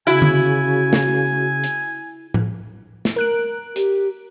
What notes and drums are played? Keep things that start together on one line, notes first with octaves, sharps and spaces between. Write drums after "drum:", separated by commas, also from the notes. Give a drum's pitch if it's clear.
C#3 E4 F#4 G#5
drum: tom D3
drum: snare
drum: hi-hat
drum: tom A2
drum: snare
A#4 F#6 D7
G4, drum: hi-hat